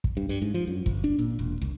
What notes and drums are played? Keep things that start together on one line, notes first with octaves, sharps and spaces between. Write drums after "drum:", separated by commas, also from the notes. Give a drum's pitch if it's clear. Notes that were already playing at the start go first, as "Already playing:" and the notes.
drum: kick
G2
G2
G#2
F3
F#2
G1, drum: kick
D4
A#2
E1
C2